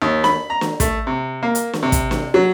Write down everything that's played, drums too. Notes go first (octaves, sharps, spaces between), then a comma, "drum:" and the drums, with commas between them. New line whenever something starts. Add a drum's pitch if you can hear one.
D#2
B5, drum: snare
A#5
drum: snare
A3, drum: kick, hi-hat
C3
A#3
drum: hi-hat
drum: snare
C3
drum: kick, hi-hat
drum: snare
F#3